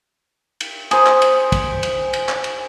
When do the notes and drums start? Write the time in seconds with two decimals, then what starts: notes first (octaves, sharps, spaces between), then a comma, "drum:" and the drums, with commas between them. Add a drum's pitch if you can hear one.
0.60 drum: cymbal
0.91 G#4 C5, drum: cymbal
1.06 drum: clap
1.22 drum: cymbal
1.52 drum: kick, cymbal
1.83 drum: cymbal
2.13 drum: cymbal
2.29 drum: clap
2.44 drum: cymbal